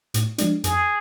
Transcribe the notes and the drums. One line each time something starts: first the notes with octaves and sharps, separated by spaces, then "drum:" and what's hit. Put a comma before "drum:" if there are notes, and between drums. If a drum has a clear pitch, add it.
A2, drum: hi-hat
F3 G#3 D4, drum: hi-hat
F2 G#4, drum: hi-hat